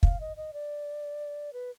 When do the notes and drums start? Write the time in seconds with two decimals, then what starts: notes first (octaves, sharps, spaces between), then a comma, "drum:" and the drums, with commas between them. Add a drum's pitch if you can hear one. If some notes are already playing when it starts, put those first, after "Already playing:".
0.03 F5, drum: kick
0.20 D#5
0.37 D#5
0.53 D5
1.53 B4